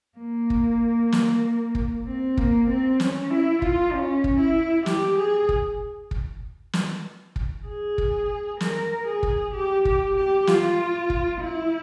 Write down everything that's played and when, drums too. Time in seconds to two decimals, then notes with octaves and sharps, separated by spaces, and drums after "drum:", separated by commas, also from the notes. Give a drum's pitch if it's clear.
0.18 A#3
0.50 drum: kick
1.12 drum: snare
1.75 drum: kick
2.06 C4
2.37 A#3, drum: kick
2.68 C4
3.00 C#4, drum: snare
3.31 E4
3.62 F4, drum: kick
3.93 C#4
4.24 drum: kick
4.40 E4
4.86 G4, drum: snare
5.18 G#4
5.49 drum: kick
6.11 drum: kick
6.73 drum: snare
7.36 drum: kick
7.67 G#4
7.98 drum: kick
8.60 A#4, drum: snare
9.07 G#4
9.23 drum: kick
9.54 G4
9.85 G4, drum: kick
10.17 G4
10.47 F4, drum: snare
11.10 drum: kick
11.41 E4